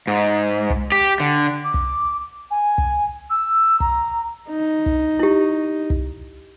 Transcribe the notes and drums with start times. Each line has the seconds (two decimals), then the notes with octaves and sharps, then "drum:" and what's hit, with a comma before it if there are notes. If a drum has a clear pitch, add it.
0.07 G#2
0.70 drum: kick
0.92 G4
1.20 D3
1.64 D6
1.74 drum: kick
2.51 G#5
2.78 drum: kick
3.30 E6
3.80 A#5, drum: kick
4.49 D#4
4.86 drum: kick
5.19 E4 G4
5.90 drum: kick